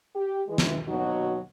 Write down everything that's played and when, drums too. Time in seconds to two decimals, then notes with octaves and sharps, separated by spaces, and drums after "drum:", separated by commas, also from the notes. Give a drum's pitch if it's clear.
0.15 G4
0.48 E3 G#3
0.58 drum: snare
0.88 D#2 B2 F#3 D#4 F#4